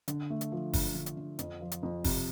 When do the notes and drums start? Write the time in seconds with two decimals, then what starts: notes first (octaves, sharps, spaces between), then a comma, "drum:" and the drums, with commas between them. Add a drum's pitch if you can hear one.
0.08 D3, drum: hi-hat
0.30 A3
0.41 drum: hi-hat
0.52 F3
0.73 D3, drum: kick, open hi-hat
0.95 D3
1.06 drum: hi-hat
1.17 D3
1.39 F2, drum: hi-hat
1.61 F3
1.72 drum: hi-hat
1.83 F2
2.04 C3, drum: kick, open hi-hat